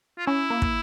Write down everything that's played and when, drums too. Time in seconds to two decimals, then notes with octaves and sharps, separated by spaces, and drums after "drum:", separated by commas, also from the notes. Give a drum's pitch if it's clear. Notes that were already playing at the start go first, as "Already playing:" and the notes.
0.18 F4
0.26 C#4 E4
0.50 A#3
0.62 drum: kick